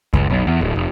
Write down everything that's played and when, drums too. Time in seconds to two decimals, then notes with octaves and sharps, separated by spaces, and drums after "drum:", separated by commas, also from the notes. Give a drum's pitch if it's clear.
0.13 C#2, drum: kick F#2
0.30 B1
0.47 E2
0.61 D1
0.76 F1